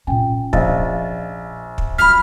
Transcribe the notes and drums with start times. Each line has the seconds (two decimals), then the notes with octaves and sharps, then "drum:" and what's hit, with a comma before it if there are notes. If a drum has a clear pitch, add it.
0.07 A#2 C#4 G5 G#5
0.53 A#1 D#5 F5 A6, drum: kick
1.78 drum: kick
1.99 F#2 F3 B5 F6 B6